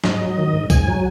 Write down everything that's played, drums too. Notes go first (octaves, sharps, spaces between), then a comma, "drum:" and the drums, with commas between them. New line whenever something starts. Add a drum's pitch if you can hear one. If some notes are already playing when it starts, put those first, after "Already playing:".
G#2 D#5, drum: snare
F#3
D#3
G#2
G#2 G#5, drum: kick B1, tambourine
F#3